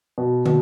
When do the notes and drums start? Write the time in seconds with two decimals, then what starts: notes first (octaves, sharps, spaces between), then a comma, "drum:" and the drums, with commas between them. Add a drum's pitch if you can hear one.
0.18 B2
0.46 B2, drum: tom